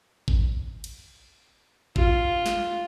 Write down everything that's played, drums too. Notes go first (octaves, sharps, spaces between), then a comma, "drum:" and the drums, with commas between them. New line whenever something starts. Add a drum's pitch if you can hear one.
drum: kick
drum: cymbal
F4, drum: kick
drum: snare